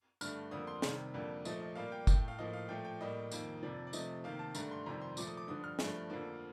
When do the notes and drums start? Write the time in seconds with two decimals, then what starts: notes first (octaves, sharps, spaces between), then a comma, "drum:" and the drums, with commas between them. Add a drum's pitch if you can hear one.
0.21 G2 D3 A3 F6, drum: tambourine
0.51 F2 D3 G3 A#3 D#6
0.67 C6
0.82 C3 D#3 G3, drum: snare
1.14 F2 D3 G3 A#3
1.45 A#2 F3 A3 D#5, drum: tambourine
1.61 D#5
1.75 A#2 G3 A#3 F5
1.92 G5
2.07 A2 A3 G5, drum: kick, tambourine
2.28 F5
2.39 A2 F3 A#3 D#5
2.53 F5
2.68 A#2 F3 A3 G5
2.85 G5
3.00 A2 G3 A#3 D#5
3.32 F2 D#3 A#3, drum: tambourine
3.63 F2 C3 F3 D5
3.87 D5
3.93 C3 F3 A3 D#5, drum: tambourine
4.24 C3 D#3 A#3 F5
4.39 A5
4.55 G2 D3 A3 A#5, drum: tambourine
4.71 C6
4.86 F2 C3 D#3 G3 A#5
5.01 C6
5.17 A#2 F3 A3 D6, drum: tambourine
5.27 D#6
5.37 D6
5.48 G2 D3 F3 D#6
5.64 F6
5.79 G2 F3 A3, drum: snare
6.10 F2 D3 F3 A#3